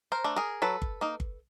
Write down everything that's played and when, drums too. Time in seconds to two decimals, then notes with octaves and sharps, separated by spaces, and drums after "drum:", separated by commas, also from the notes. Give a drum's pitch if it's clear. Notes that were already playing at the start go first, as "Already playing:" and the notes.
0.12 A#4 C5
0.24 A3 D4
0.36 G#4 A#4
0.62 F#3 A4 B4
0.82 drum: kick G1
1.01 A#3 D#4
1.20 drum: kick G1